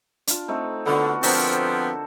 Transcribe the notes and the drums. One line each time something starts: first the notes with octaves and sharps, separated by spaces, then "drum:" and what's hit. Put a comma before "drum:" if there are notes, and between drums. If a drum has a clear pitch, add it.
D4 F4, drum: hi-hat
A3 C4 D#4
D3 B3 F4 F#4
D3 F3 B3 C4 A#4 C5, drum: open hi-hat
A4